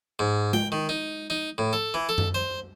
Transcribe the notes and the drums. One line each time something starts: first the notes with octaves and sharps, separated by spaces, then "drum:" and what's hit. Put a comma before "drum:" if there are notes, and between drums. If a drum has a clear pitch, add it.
G#2
G5, drum: tom G#3
D#3
D#4
D#4
A2
A4
E3
A4
drum: tom F#2
C5